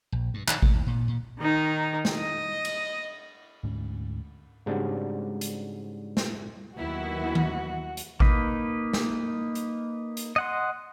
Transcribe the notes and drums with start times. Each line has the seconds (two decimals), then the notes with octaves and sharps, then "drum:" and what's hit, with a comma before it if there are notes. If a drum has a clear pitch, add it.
0.12 A#1
0.34 G2
0.48 D#3, drum: clap
0.62 A3, drum: kick G#1
0.74 D#2
0.87 A#2
1.08 A#2
1.40 D#3 D#4
2.05 drum: snare
2.17 D#5
2.65 drum: cymbal
3.64 D2 G#2 C#4
4.66 G#2 C#3 G3 C4 D4 F#4
5.41 drum: hi-hat
6.17 drum: snare
6.78 D#2 D#3 F#3 B3 E4 F#4
7.35 drum: tom D#3
7.97 drum: hi-hat
8.20 A#3 D#4 B4, drum: kick G#1
8.93 drum: snare
9.55 drum: hi-hat
10.17 drum: hi-hat
10.36 D#5 F#5 C6